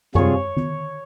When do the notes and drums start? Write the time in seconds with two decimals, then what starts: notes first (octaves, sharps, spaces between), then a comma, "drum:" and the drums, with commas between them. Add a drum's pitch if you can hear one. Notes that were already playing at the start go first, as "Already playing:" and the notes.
0.15 C3 G3 C4 F4 G#4 C#5, drum: tom F#2
0.57 drum: tom D#3